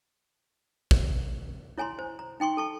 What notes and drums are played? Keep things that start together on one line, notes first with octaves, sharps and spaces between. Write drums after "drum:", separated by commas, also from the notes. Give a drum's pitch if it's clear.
drum: kick
E4 C#5 G#5 A#5 C6
C5
A#5
D#4 G5 C6 C#6
A4 A5 C#6